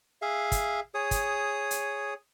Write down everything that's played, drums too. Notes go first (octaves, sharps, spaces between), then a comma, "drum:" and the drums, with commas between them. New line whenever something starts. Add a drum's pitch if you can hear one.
G#4 E5 F5
drum: kick, hi-hat
G#4 C#5 D#6
drum: kick, hi-hat
drum: hi-hat